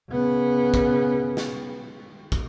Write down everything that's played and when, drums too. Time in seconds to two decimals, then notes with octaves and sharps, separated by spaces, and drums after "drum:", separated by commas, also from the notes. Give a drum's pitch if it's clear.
0.10 C#3 B3
0.74 drum: kick
1.37 drum: snare
2.32 drum: kick